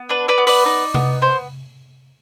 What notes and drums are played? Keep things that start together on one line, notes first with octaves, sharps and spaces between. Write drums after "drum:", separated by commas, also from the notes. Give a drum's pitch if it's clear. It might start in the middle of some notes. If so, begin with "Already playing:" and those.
Already playing: B3
D4 B4
B4 D5
B3
B4 D5, drum: open hi-hat
D#4
B3, drum: tom C3
B3 C5